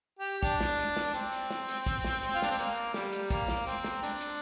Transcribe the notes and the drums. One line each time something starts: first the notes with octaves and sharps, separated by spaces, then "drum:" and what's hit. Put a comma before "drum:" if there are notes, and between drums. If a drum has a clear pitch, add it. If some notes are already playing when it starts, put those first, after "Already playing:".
G4
D4, drum: kick, hi-hat
drum: snare
drum: hi-hat
drum: snare
C4, drum: hi-hat
drum: hi-hat
drum: snare
drum: hi-hat
drum: kick, hi-hat
drum: snare
drum: hi-hat
F4
D4, drum: snare
C4
A#3, drum: hi-hat
G3, drum: snare
drum: hi-hat
A#3, drum: kick, hi-hat
drum: snare
C4, drum: hi-hat
drum: snare
D4, drum: hi-hat
drum: hi-hat